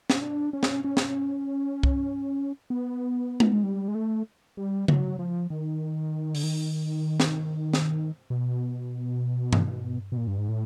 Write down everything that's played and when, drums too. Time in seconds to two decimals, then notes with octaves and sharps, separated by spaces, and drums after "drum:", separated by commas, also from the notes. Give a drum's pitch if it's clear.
0.10 C#4, drum: snare
0.22 D4
0.53 C#4
0.63 drum: snare
0.84 C#4
0.97 drum: snare
1.83 drum: kick C2
2.70 B3
3.40 drum: tom G#3
3.53 G#3
3.63 G3
3.88 G#3
3.95 A3
4.57 G3
4.88 F#3, drum: tom C#3
5.19 F3
5.50 D#3
6.35 D3, drum: open hi-hat
6.43 D#3
7.20 drum: snare
7.73 drum: snare
8.30 B2
9.53 drum: tom G2
10.12 B2
10.17 A#2
10.27 G2
10.38 G#2
10.49 A2